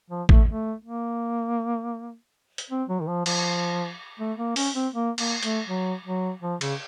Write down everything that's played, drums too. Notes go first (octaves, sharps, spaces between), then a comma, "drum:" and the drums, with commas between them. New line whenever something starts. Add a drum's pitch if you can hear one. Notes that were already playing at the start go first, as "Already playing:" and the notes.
F3
A3, drum: kick A1
A3
A#3
drum: hi-hat
C4
F#3
D#3
F3
F3, drum: cymbal
A3
A#3
C#4, drum: open hi-hat
C4
A#3
A#3, drum: cymbal
A3, drum: hi-hat
F#3
F#3
F3
C#3, drum: cymbal